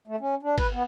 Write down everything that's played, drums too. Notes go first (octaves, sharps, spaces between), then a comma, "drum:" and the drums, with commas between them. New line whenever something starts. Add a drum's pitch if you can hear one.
A3
C#4
D4
B4, drum: kick, cymbal
B3